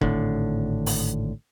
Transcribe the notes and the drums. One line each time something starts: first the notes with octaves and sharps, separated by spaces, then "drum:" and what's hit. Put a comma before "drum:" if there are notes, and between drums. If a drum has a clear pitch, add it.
G#1 A2 D3, drum: kick E1
drum: open hi-hat